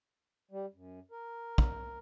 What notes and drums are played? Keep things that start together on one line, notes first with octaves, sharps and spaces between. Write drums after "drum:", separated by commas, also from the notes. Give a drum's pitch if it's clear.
G3
F#2
A#4
drum: kick